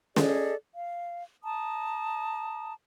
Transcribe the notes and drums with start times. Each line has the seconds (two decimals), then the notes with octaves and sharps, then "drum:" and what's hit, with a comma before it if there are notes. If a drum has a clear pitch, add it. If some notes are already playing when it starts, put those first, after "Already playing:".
0.16 G#4 A4 D5 D#5, drum: snare
0.74 F5
1.43 A5 A#5 D#6